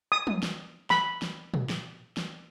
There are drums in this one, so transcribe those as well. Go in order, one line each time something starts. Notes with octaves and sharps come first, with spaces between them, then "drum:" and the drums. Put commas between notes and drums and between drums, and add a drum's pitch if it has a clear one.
D#6
drum: tom
drum: snare
B5, drum: snare
drum: snare
drum: tom
drum: snare
drum: snare